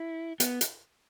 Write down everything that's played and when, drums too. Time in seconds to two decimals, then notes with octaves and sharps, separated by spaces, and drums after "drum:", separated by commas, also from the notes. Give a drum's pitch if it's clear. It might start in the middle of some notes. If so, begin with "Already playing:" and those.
Already playing: E4
0.40 B3, drum: hi-hat
0.61 drum: hi-hat